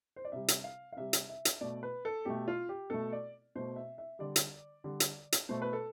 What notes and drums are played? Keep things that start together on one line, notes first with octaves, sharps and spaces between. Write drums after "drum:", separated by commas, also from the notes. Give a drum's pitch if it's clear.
C5
D5
C3 G3 E5
drum: hi-hat
F5
F5
C3 G3 E5
drum: hi-hat
E5
drum: hi-hat
B2 A3 D5
B4
A4
B2 A3 G4
F4
G4
B2 A3 A4
D5
B2 A3 C5
E5
E5
D3 G3 D5
drum: hi-hat
D3 G3
drum: hi-hat
drum: hi-hat
B2 A3 C5
B4
A4